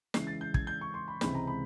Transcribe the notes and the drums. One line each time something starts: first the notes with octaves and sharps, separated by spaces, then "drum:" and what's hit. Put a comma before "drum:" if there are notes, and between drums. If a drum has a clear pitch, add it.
C#3 E3 G#3 C7, drum: snare
A6
G6
G#6, drum: kick
G6
C#6
C6
B5
C#2 C3 E3 G#3 C4 B5, drum: snare
A#5
B5